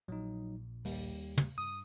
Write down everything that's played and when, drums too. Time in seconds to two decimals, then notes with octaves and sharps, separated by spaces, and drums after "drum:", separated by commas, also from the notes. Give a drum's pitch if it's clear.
0.08 A#1 A#2 F3 F#3 D#4
0.85 D#2 G3, drum: open hi-hat
1.38 drum: tom
1.58 G2 D#6